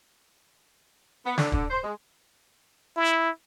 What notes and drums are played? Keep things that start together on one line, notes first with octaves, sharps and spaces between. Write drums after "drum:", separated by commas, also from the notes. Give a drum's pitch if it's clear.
B3
D3, drum: snare
D3, drum: kick
C5
G#3
E4